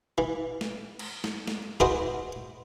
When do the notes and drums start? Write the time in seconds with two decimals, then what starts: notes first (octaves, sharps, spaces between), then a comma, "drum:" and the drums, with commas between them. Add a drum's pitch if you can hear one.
0.18 E3
0.61 drum: snare
0.99 drum: cymbal
1.24 drum: snare
1.47 drum: snare
1.80 E4 F#4 G#4 B4 C5 D#5, drum: kick